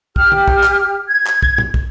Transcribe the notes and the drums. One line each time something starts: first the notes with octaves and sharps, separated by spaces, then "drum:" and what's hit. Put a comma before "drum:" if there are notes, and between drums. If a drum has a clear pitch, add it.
G4 F6, drum: kick
drum: tom
drum: kick
drum: clap
G#6
drum: clap
drum: kick
drum: tom
drum: kick